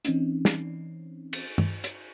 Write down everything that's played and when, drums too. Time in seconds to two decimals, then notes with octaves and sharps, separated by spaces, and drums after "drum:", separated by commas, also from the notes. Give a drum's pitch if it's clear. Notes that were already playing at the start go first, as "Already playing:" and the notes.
0.05 E3 C4 C#4 D#4, drum: hi-hat
0.45 drum: snare
1.33 drum: cymbal
1.58 drum: tom G2
1.84 drum: hi-hat